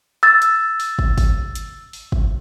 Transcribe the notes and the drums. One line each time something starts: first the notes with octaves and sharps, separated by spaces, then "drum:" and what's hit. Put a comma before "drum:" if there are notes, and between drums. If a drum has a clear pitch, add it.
E6 A6
drum: hi-hat
drum: open hi-hat
drum: kick
drum: kick, open hi-hat
drum: hi-hat
drum: open hi-hat
drum: kick